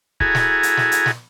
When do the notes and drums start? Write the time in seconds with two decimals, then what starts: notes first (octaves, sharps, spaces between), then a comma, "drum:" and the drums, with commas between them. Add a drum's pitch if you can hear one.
0.20 E4 F#4 G#4 A4 G#5 A#5, drum: kick C#1
0.35 drum: snare
0.63 drum: hi-hat
0.77 drum: snare
0.92 drum: hi-hat
1.06 drum: snare